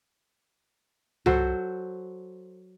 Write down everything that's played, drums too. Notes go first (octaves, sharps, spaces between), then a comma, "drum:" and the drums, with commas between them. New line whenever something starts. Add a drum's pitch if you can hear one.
F#3 F#4 A4 C5, drum: tom C2